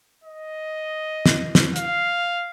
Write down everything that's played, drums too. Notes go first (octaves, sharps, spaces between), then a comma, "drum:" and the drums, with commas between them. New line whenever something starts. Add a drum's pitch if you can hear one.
D#5
drum: snare
drum: snare
F5, drum: hi-hat